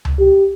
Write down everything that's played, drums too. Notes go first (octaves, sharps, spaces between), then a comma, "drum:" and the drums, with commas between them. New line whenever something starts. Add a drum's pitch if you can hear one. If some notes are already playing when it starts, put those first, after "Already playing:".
drum: tom C#2
G4